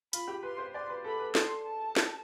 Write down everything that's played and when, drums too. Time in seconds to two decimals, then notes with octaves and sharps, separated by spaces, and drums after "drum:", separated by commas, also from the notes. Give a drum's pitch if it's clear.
0.13 F4 B5, drum: hi-hat
0.28 G4
0.43 B4 C6
0.58 C5
0.74 D5 C6
0.89 B4
1.04 A4 B5
1.19 B4
1.35 A4 C6, drum: snare
1.66 A5
1.96 drum: snare